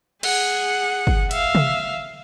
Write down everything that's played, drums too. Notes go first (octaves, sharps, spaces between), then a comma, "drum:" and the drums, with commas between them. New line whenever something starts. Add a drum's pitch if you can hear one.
G#4 F#5, drum: cymbal
drum: kick
E5 F5, drum: cymbal
drum: tom C3